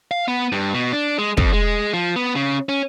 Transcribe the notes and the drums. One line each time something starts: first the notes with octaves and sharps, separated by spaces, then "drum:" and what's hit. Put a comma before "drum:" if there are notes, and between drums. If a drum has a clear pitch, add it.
F5
B3
G2
B2
D4
G#3
F2, drum: kick
G#3
F3
B3
C#3
C#4